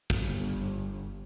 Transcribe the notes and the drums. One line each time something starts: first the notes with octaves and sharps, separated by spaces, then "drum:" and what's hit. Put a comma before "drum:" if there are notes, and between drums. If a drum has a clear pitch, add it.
drum: kick
G1